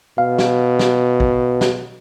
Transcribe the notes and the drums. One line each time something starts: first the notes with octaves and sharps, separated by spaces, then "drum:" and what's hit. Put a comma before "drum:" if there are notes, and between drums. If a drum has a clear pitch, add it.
B2 F5
drum: snare
drum: snare
drum: kick
drum: snare